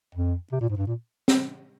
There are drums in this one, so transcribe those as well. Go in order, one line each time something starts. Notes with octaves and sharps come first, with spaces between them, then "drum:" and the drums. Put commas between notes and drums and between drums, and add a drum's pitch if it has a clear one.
F2
C3
A#2
G#2
G2
A#2
drum: snare C4